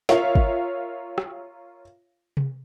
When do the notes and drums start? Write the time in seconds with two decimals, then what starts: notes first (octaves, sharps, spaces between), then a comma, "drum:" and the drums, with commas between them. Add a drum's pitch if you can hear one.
0.09 F4 A#4 C#5 E5 F5, drum: snare
0.35 drum: kick
1.18 drum: rim click
2.37 drum: tom C3